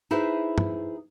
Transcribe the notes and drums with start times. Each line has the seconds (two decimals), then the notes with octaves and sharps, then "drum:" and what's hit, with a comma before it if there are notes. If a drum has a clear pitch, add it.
0.11 D#4 E4 G#4 B4 C5
0.58 drum: tom